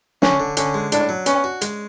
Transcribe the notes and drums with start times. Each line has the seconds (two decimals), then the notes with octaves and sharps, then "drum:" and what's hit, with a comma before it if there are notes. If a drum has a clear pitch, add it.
0.22 D3 C#4, drum: snare
0.40 D3
0.57 D3 C#4, drum: hi-hat
0.74 G#3
0.92 A2 D4, drum: hi-hat
1.09 F#3
1.26 B3 C#4, drum: hi-hat
1.44 F#4
1.61 G#3, drum: hi-hat